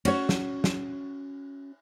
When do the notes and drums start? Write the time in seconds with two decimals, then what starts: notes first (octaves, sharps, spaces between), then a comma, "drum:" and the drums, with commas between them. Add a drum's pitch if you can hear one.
0.05 C#4 F#4 C#5, drum: cymbal
0.29 drum: snare
0.64 drum: snare